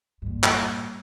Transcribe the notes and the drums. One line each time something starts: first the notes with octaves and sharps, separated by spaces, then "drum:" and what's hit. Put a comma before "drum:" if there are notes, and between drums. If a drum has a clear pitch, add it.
G2 A#2
drum: clap